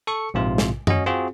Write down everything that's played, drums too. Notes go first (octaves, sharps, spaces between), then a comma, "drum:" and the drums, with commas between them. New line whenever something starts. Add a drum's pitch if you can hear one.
A4 C#6 C#7
A#1 G#2 C3 F4
drum: snare
C#4 F#4 D#5, drum: tom F#2
C4 F4 F#4 G#4